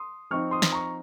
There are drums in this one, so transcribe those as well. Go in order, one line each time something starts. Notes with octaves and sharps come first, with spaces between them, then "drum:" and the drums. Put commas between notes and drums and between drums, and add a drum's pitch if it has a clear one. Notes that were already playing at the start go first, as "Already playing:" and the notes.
Already playing: C6 D#6
F3 C4 D#4 C#6 F6
C6 D#6
drum: snare
A#5 C#6